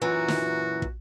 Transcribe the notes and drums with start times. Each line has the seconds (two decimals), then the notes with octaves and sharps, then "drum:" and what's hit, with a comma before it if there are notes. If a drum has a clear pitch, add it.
0.01 F#2 A#2 E3 F#4
0.28 drum: snare
0.82 drum: kick